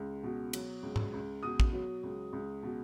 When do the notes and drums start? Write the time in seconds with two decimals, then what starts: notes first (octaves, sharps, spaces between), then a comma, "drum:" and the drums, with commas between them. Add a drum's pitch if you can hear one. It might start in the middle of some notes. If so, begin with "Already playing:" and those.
Already playing: C#2
0.23 B2
0.53 F#3, drum: cymbal
0.83 C#2
0.96 drum: tom G#2
1.13 C#2
1.43 B2 D#6
1.60 drum: kick
1.73 F#3
2.03 C#2
2.33 C#2
2.63 B2